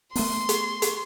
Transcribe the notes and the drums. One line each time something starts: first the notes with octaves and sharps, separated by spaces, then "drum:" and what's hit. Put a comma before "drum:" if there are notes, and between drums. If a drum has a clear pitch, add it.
A3 B3 C6, drum: open hi-hat
drum: hi-hat
drum: hi-hat